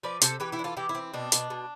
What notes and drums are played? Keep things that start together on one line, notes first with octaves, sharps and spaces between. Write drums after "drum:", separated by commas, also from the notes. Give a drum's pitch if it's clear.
F3 B4 D5
C3 A4 C5, drum: hi-hat
E3 G4 B4
E4 G4
D4
F4 A4
E3 E4 G4
E4
C4
B2 D4
B2, drum: hi-hat
B2